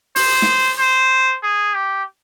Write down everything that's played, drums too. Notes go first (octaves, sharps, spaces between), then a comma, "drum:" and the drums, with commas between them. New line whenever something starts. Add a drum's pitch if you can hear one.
C5, drum: open hi-hat
drum: snare
C5
G#4
G4